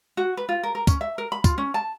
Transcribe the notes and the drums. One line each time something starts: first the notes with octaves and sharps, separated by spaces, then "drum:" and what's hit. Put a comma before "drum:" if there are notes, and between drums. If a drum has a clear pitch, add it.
F#4
B4
F4
A#4
A#4
C#4, drum: kick, tambourine
E5
A#4
B5
F4, drum: kick, tambourine
C#4
A5